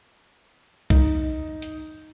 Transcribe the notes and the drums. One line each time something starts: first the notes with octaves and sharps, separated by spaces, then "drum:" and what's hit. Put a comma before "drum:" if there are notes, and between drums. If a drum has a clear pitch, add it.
D#4, drum: kick C2
drum: hi-hat